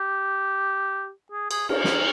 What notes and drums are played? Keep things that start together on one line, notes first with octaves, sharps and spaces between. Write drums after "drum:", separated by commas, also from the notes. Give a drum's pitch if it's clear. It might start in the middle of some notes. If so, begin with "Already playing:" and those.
Already playing: G4
G#4
G#4, drum: cymbal
A#4, drum: cymbal
drum: snare